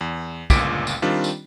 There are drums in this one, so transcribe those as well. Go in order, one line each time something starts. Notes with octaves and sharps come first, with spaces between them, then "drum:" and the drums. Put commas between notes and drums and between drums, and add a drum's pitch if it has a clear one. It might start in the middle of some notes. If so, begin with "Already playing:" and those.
E2
G1 C#2 A#2 D6 B6 D7, drum: kick, tambourine
drum: tambourine
D#3 G3 C4 D4 F4
drum: tambourine